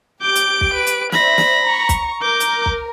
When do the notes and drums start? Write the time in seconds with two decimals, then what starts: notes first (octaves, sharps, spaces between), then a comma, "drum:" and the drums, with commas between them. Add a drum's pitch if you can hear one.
0.22 G4 D6 G6 D7
0.35 drum: hi-hat
0.61 drum: kick
0.74 B4
0.87 drum: hi-hat
1.12 C5 D5 E5 B5 A#6, drum: snare
1.38 drum: snare
1.63 A#5 C#6
1.89 drum: kick, hi-hat
2.22 A#4 D6 G6
2.40 drum: hi-hat
2.66 drum: kick